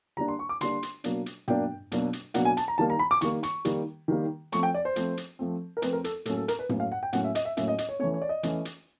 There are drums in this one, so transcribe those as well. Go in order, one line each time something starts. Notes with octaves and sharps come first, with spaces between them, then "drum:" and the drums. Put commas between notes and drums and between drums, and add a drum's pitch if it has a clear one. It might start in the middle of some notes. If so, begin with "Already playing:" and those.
D3 G3 A#3 D4 A#5
C6
C#6
D6
D3 G3 A#3 D4 C6, drum: hi-hat
drum: hi-hat
B2 F#3 A#3 D4, drum: hi-hat
drum: hi-hat
B2 F#3 A#3 D4 G5, drum: tom
B2 F#3 A#3 D4, drum: hi-hat
drum: hi-hat
B2 F#3 A#3 D4 F#5, drum: hi-hat
G#5
A5, drum: hi-hat
A#5
D#3 G3 A#3 A5
A#5
B5
D6
D#3 G3 A#3 C#6, drum: hi-hat
C#6, drum: hi-hat
D#3 G3 A#3, drum: hi-hat
D#3 G3 A#3
F3 A3 C4 C#6, drum: hi-hat
G5
D5
C5
F3 A3 C4, drum: hi-hat
drum: hi-hat
F3 A3 C4
A#4
F3 A3 C4 B4, drum: hi-hat
A#4
A4, drum: hi-hat
A2 F#3 A#3 C#4 A4, drum: hi-hat
A4
A#4, drum: hi-hat
B4
A2 F#3 A#3 C#4, drum: tom
F5
F#5
G5
A2 F#3 A#3 C#4 F#5, drum: hi-hat
E5
D#5, drum: hi-hat
E5
A2 F#3 A#3 C#4 E5, drum: hi-hat
D#5
D#5, drum: hi-hat
C#5
E3 A3 C#4 C#5
C#5
D5
D#5
E3 A3 C#4, drum: hi-hat
drum: hi-hat